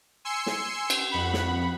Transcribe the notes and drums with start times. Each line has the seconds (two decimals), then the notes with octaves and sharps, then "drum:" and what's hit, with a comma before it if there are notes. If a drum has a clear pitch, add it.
0.25 G#5 C6 E6 C#7
0.46 drum: snare
0.90 drum: cymbal
1.11 F2 F#5 B5
1.33 drum: snare